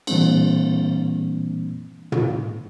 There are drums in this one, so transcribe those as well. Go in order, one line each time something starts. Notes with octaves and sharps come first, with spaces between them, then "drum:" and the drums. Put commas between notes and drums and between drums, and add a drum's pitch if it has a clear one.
A#2 E3 G3 A#3 C4 D4, drum: cymbal
drum: tom